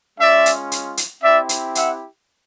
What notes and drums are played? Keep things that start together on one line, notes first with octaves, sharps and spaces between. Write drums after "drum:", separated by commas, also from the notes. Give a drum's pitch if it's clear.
G#3 C#4 F4 D5 E5
drum: hi-hat
drum: hi-hat
drum: hi-hat
C4 E4 G4 D5 E5
drum: hi-hat
E5 F#5, drum: hi-hat